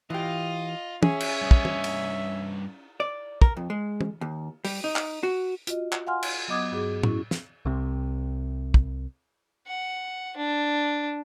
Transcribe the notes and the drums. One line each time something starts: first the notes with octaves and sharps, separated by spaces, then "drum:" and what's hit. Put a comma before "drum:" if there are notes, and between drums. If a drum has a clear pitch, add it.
E3 F4 G4 D#5 F5
C#4 G#4 E5, drum: tom
drum: cymbal
G2 D#5
drum: kick
drum: tom
drum: cymbal
D5
A#4, drum: kick
F2
G#3
drum: tom
D#2
G3, drum: open hi-hat
D#4
drum: clap
F#4
F4 F#4 D#5, drum: hi-hat
drum: clap
F5 F#5 G#5 C6 F6
drum: cymbal
F#3 B3 D#5 D6 D#6 G#6
G2 F#4 G#4 D6
C#4 E4 F#4, drum: tom A2
drum: snare
C2 C3
drum: kick
F#5
D4